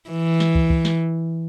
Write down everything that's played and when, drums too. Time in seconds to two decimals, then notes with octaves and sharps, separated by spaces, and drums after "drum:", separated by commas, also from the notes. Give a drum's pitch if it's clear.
0.10 E3
0.40 drum: snare
0.55 drum: kick
0.70 drum: kick
0.85 drum: snare